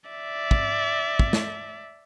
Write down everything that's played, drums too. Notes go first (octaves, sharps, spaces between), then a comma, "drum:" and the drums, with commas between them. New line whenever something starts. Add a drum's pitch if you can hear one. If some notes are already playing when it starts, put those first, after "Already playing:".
D5 E5
drum: kick
drum: kick
drum: snare